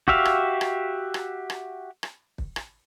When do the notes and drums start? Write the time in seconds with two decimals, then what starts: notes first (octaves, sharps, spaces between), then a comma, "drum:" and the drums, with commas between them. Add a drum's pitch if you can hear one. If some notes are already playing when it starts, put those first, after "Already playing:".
0.08 F#4 G4 E5 F5, drum: kick
0.25 drum: rim click
0.61 drum: rim click
1.14 drum: rim click
1.50 drum: rim click
2.03 drum: rim click
2.38 drum: kick
2.56 drum: rim click